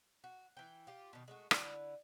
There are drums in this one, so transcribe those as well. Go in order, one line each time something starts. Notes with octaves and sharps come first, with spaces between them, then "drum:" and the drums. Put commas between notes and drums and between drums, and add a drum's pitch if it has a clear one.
F#4
E3 G5
F4 G4
B2 D#3
G#3 A3 F#4
D3 E4 B4, drum: rim click